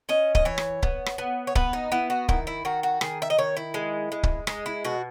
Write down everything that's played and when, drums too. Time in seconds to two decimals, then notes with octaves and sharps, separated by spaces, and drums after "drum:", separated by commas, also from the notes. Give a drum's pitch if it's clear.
0.09 C#4 D#5
0.35 D#5, drum: kick C#1
0.45 E3 C#5
0.58 drum: rim click
0.83 B3, drum: kick C#1
1.06 drum: rim click
1.18 B3
1.47 C#5
1.55 B3 B4, drum: kick C#1
1.73 D#4
1.92 B3 E4
2.10 F#4
2.29 D#3 E4, drum: kick C#1
2.47 E4
2.65 D#3 F#4
2.83 F#4
3.01 D#3 G#4, drum: rim click
3.22 E5
3.30 D#5
3.38 D#3 C#5
3.57 E4
3.74 G#3
4.12 G#3
4.23 drum: kick C#1
4.47 G#3 D#4, drum: rim click
4.66 E4
4.85 B2 F#4